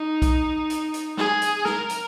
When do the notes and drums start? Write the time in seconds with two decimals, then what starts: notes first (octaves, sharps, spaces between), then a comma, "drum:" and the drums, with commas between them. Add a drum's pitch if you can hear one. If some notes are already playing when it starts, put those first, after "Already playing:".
Already playing: D#4
0.22 drum: kick B1, hi-hat
0.70 drum: hi-hat
0.94 drum: hi-hat
1.17 G#4, drum: snare
1.42 drum: hi-hat
1.65 A#4, drum: snare
1.89 drum: hi-hat